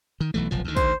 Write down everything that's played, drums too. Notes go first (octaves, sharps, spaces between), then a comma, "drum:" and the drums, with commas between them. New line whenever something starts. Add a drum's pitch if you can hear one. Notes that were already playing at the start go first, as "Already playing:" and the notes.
D#3
B1 E3 A3
F1 B1 F3
D2 D#3
C5, drum: kick, tambourine